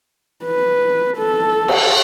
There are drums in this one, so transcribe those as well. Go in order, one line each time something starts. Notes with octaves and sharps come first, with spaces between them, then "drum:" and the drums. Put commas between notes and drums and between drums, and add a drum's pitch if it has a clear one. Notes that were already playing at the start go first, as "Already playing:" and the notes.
B4
A4
drum: cymbal